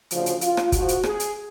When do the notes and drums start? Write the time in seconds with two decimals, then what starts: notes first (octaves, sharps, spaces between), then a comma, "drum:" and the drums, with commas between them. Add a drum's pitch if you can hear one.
0.11 D2 C#3 F3, drum: hi-hat
0.26 drum: hi-hat
0.41 F4, drum: hi-hat
0.57 drum: rim click
0.72 G#2 F3 F#4, drum: kick, hi-hat
0.88 drum: hi-hat
1.03 G#4, drum: rim click
1.20 drum: hi-hat